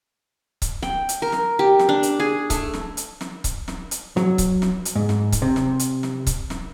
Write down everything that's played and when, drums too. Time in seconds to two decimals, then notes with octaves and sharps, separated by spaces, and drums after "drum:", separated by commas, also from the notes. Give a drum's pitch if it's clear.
0.62 drum: kick C#1, hi-hat
0.82 G5, drum: snare
1.09 drum: hi-hat
1.22 A#4
1.32 drum: snare
1.59 G4
1.79 drum: snare
1.89 D4
2.03 drum: hi-hat
2.20 G#4
2.50 A3, drum: kick C#1, hi-hat
2.73 drum: snare
2.97 drum: hi-hat
3.21 drum: snare
3.44 drum: kick C#1, hi-hat
3.68 drum: snare
3.91 drum: hi-hat
4.17 F#3, drum: snare
4.38 drum: kick C#1, hi-hat
4.62 drum: snare
4.85 drum: hi-hat
4.96 G#2
5.09 drum: snare
5.32 drum: kick C#1, hi-hat
5.42 C3
5.56 drum: snare
5.79 drum: hi-hat
6.03 drum: snare
6.27 drum: kick C#1, hi-hat
6.50 drum: snare